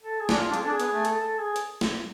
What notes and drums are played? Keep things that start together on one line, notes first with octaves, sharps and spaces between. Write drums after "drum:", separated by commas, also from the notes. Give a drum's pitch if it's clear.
A4
G#4
D4, drum: snare
F4
D4
C4 G#4, drum: hi-hat
A4
D4 G#4
B3, drum: hi-hat
A3
A4, drum: hi-hat
A4
G#4
drum: hi-hat
drum: snare